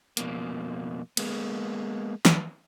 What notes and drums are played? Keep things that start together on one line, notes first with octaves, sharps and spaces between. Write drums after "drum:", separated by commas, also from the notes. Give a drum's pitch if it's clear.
F2 B2 A#3, drum: hi-hat
G#3 A#3 B3, drum: cymbal
drum: snare